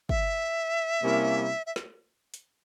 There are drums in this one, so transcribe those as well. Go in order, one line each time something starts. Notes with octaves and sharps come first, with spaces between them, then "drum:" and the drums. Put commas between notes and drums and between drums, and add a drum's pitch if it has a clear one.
E5, drum: kick
C3 G3 A#3 C#4 E4
E5
drum: snare
drum: hi-hat